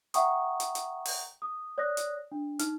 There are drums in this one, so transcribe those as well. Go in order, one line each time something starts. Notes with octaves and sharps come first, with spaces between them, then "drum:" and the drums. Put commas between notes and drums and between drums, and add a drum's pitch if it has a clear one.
E5 F#5 G5 A#5 C#6 D#6, drum: hi-hat
drum: hi-hat
drum: hi-hat
drum: open hi-hat
D#6
C#5 D5 D#6 F#6 A#6
drum: hi-hat
D4
D#4 F6, drum: hi-hat